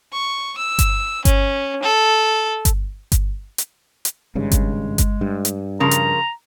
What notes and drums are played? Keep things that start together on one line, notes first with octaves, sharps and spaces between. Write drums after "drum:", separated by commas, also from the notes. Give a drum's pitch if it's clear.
C#6
E6
drum: kick G1, hi-hat
C#4, drum: kick G1, hi-hat
A4
drum: kick G1, hi-hat
drum: kick G1, hi-hat
drum: hi-hat
drum: hi-hat
G#1 G2 C#3 G#3
drum: kick G1, hi-hat
drum: kick G1, hi-hat
G2
drum: hi-hat
C#3 F3 A#4 A#5
drum: hi-hat